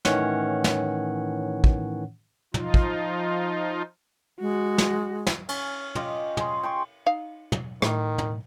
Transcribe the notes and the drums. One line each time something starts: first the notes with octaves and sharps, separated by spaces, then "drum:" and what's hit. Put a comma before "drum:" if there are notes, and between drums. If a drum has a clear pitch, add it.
A2 D#3 E3 C#4 C#5 F#5, drum: snare
drum: snare
drum: kick
F3 D#4 F4, drum: tom
drum: kick
G#3 F#4
drum: snare
drum: snare
C#4, drum: cymbal
F4 G4 D#5, drum: tom
G#4 C6, drum: tom
G5 C6 C#6
D#4 F5
drum: tom
A2 D#3, drum: rim click
drum: tom